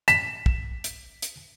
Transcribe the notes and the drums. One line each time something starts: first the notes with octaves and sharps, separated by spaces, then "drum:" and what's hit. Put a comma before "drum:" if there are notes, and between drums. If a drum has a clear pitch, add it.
B6 E7, drum: hi-hat
drum: kick
drum: hi-hat
drum: hi-hat